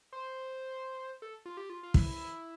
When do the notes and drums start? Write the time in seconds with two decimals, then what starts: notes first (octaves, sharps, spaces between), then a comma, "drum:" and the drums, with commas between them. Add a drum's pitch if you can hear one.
0.13 C5
1.22 A4
1.46 F4
1.57 G4
1.70 F4
1.83 F4
1.94 E4, drum: kick